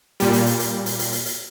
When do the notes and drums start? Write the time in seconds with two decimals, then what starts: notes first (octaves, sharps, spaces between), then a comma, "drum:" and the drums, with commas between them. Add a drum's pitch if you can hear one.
0.20 A#2 G3, drum: hi-hat
0.33 drum: hi-hat
0.46 drum: hi-hat
0.60 drum: hi-hat
0.86 drum: hi-hat
0.99 drum: hi-hat
1.12 drum: hi-hat
1.26 drum: hi-hat